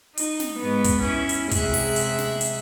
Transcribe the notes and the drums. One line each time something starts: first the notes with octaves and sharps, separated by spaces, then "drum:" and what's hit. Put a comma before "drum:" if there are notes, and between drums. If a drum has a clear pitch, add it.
D#4, drum: hi-hat
drum: snare
G#2 B3
drum: kick, hi-hat
C#4 E4
drum: hi-hat
C3 G#3 G#4 E5 F#6, drum: kick, hi-hat
drum: open hi-hat
drum: hi-hat
drum: snare
drum: hi-hat